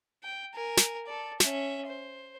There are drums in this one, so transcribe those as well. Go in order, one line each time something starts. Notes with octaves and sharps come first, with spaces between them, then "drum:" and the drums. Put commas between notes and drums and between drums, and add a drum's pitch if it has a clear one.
G5
A#4 G#5
drum: snare
A4 D5
C#4 E5, drum: snare
C5